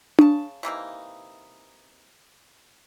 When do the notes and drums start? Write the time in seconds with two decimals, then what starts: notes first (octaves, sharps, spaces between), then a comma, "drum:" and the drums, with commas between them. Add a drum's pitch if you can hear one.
0.19 C#3 A5, drum: tom D4
0.63 C3 E3 A#3 D#4